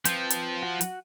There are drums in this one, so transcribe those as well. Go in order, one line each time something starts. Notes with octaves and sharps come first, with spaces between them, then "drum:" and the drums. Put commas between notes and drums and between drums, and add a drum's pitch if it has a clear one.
F3 C4 B4 G6, drum: hi-hat
drum: hi-hat
F#4 F#5
drum: hi-hat